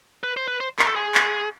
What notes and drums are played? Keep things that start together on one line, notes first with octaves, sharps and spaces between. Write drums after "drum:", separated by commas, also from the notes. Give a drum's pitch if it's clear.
B4
C5
B4
C5
A#4, drum: clap
A4
G#4
drum: clap